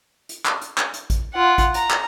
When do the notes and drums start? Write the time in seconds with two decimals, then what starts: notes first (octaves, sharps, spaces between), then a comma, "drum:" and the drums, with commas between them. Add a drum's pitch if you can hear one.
0.29 drum: hi-hat
0.45 drum: clap
0.62 drum: hi-hat
0.78 drum: clap
0.94 drum: hi-hat
1.10 drum: kick A1, hi-hat
1.34 F4 F#5
1.58 drum: kick A1, hi-hat
1.74 A#5, drum: hi-hat
1.90 drum: clap